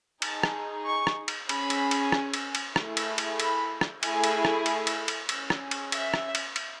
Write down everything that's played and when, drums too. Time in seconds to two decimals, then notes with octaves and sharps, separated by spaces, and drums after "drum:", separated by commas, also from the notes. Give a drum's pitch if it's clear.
0.22 D#4 G#4 A5, drum: cymbal
0.43 drum: rim click
0.85 C#6
1.07 drum: rim click
1.28 drum: cymbal
1.49 C#4 G#4 B5, drum: cymbal
1.70 drum: cymbal
1.91 drum: cymbal
2.12 drum: rim click
2.34 drum: cymbal
2.55 drum: cymbal
2.76 A3 E4 G#4, drum: rim click
2.97 drum: cymbal
3.18 drum: cymbal
3.40 B5, drum: cymbal
3.81 drum: rim click
4.03 A3 E4 G#4 G#5, drum: cymbal
4.24 drum: cymbal
4.45 drum: rim click
4.66 drum: cymbal
4.87 drum: cymbal
5.08 drum: cymbal
5.29 C#4 G#4, drum: cymbal
5.50 drum: rim click
5.71 drum: cymbal
5.92 E5, drum: cymbal
6.14 drum: rim click
6.35 drum: cymbal
6.56 drum: cymbal